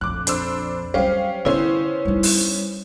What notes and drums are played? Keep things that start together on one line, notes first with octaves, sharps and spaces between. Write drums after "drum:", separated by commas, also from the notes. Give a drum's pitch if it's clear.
A#1 F2 D6 F#6
D4 C5 B5 E6, drum: hi-hat
F#3 G3 C#4 G4 C5 F5
D3 B3 C#4 E4 C5
G3 D#4
drum: open hi-hat